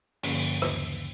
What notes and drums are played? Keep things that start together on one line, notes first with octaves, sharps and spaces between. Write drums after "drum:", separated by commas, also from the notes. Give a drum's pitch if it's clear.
G2 D3 F3 A#3 C#4, drum: open hi-hat
D#2 C#3 E3, drum: rim click